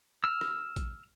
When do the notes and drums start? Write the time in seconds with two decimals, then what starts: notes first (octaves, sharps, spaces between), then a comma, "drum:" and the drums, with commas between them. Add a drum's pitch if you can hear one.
0.24 E6 F6
0.41 drum: rim click
0.76 drum: kick, hi-hat